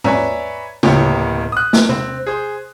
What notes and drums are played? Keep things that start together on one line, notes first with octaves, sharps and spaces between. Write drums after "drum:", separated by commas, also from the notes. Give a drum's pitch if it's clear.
B4 C#5 D5 E5 G#5 A#5, drum: tom G#2
D1 C3 A#3 B3 C#5 G5, drum: tom C#3
D#6 F#6
drum: snare
C4, drum: tom C3
G#4 C5